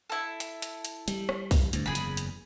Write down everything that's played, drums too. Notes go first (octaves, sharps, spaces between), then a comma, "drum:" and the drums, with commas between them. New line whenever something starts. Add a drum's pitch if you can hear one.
E4 A4
drum: hi-hat
drum: hi-hat
drum: hi-hat
G3, drum: hi-hat
drum: rim click
drum: kick C2, open hi-hat
D2 G2, drum: hi-hat
F#1 E2 G#4 B5
drum: hi-hat
drum: hi-hat